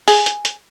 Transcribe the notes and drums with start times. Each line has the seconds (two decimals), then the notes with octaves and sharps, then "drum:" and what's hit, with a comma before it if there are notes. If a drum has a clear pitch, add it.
0.08 G#4, drum: open hi-hat
0.26 drum: hi-hat
0.45 drum: hi-hat